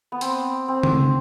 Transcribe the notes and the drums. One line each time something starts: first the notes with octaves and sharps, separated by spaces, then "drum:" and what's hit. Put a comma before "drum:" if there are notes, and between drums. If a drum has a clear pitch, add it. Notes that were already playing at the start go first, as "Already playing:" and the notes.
B3
C4, drum: hi-hat
C4
drum: tom C#3